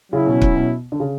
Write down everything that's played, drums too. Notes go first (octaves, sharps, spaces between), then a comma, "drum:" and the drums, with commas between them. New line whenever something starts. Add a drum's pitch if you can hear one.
C#3 F#3 C#4 E4
B2
drum: kick
B2
D3
C#3